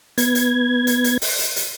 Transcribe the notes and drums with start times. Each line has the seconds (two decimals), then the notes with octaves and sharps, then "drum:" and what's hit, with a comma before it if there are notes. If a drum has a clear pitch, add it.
0.18 B3 G#6, drum: hi-hat
0.35 drum: hi-hat
0.87 drum: hi-hat
1.04 drum: hi-hat
1.22 drum: open hi-hat
1.39 drum: hi-hat
1.56 drum: hi-hat